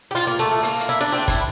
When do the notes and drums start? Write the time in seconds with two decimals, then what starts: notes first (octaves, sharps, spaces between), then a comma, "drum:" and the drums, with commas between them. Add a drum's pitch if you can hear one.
0.11 G4
0.15 F4, drum: hi-hat
0.27 A#3
0.39 A3
0.51 A3
0.63 A#3, drum: hi-hat
0.79 drum: hi-hat
0.89 E4
1.01 D4
1.12 C4, drum: open hi-hat
1.28 E4, drum: kick, hi-hat